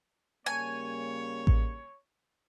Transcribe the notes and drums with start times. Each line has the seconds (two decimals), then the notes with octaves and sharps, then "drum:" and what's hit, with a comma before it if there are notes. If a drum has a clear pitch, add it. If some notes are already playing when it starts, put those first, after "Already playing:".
0.46 C#3 G3 A#3 C#5 G#5
1.47 drum: kick A1